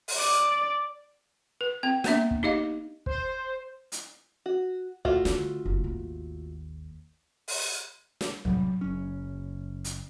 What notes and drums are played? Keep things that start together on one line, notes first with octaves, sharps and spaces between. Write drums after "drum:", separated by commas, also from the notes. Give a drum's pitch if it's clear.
drum: open hi-hat
D5
B4
C4 G5
A#3 B3 D4 E5, drum: snare
drum: kick
D#4 G4 D#5 F5
C5, drum: kick
drum: hi-hat
F#4
A3 F4 F#4, drum: kick
D3, drum: snare
F#1
G#1 D#2
drum: open hi-hat
drum: snare
A2 C3 F#3 G3, drum: kick
F#1 C#4
drum: hi-hat